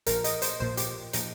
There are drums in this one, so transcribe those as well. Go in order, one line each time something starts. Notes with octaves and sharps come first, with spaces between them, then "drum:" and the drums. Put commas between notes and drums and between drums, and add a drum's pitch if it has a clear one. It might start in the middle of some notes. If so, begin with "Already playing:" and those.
A#1 A#2 F3 A#4, drum: hi-hat
D#5, drum: hi-hat
C5, drum: hi-hat
A#1 A#2 F3 C5
G4, drum: hi-hat
A#2 F3 D#4, drum: hi-hat